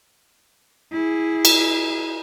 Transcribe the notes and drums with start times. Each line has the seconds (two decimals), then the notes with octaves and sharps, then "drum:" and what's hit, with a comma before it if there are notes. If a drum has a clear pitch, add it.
0.92 E4 G#4
1.45 drum: cymbal